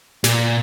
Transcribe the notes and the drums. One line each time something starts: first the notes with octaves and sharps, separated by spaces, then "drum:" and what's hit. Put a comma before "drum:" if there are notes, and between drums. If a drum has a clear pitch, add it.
A#2, drum: snare